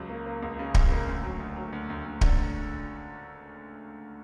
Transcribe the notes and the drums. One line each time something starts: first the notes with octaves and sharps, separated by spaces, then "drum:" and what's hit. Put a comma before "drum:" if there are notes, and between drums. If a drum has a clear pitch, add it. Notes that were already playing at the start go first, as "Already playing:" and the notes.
Already playing: C#2 F#3
A#3
A#3
C#2
C#3
C#2, drum: kick D1
A#3
D2
F#3
D2
F#3
D2
D2
D2
D3, drum: kick D1